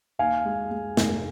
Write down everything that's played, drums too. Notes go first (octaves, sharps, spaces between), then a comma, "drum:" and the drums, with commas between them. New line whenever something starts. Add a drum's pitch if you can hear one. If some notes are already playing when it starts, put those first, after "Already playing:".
D#2 F5 G#5
G#3
G#3
F1, drum: snare